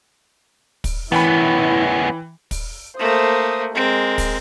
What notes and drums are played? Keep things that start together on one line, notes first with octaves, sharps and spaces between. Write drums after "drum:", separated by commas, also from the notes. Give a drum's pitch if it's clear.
drum: kick, open hi-hat
E3 B3 C#4 E4 G5 B5
drum: kick, open hi-hat
A3 A#3 C5 D#6
G#3 C4 A#4
drum: kick, open hi-hat